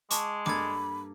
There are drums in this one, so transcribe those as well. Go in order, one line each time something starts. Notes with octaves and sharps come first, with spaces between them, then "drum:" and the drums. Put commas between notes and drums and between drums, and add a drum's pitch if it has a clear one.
G#3 A5 C#6 D6, drum: hi-hat
G2 A#3 A4 B5 D6 G#6, drum: snare A3